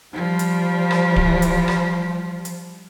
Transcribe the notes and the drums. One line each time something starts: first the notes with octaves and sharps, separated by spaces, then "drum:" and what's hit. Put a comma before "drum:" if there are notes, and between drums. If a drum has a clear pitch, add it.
F3 G3
drum: hi-hat
drum: rim click
drum: kick D1
drum: hi-hat
drum: rim click
drum: hi-hat